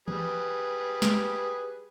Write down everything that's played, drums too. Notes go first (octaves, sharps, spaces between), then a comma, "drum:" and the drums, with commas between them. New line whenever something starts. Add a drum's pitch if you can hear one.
G3 G#4 B4, drum: tom E3
drum: snare